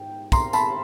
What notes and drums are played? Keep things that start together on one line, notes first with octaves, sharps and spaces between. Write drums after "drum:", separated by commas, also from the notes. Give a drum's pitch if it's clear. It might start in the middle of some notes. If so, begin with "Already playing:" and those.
Already playing: G#2 G5
A#5 C6, drum: kick, tambourine
A5 B5, drum: tambourine